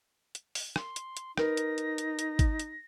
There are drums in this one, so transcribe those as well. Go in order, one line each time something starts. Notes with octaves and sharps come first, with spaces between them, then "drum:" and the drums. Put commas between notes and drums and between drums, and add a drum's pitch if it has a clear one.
drum: hi-hat
drum: open hi-hat
C6, drum: rim click
drum: hi-hat
drum: hi-hat
D#4 A#4 B4 A#6, drum: rim click
drum: hi-hat
drum: hi-hat
drum: hi-hat
drum: hi-hat
drum: kick G#1, hi-hat
drum: hi-hat